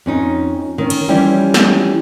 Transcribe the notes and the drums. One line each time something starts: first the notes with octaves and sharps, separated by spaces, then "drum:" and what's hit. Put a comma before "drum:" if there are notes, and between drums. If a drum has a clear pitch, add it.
F2 C#4 D#4
D#3 C#4
drum: cymbal
E3 F3 G3 C#4 E4 G4
drum: snare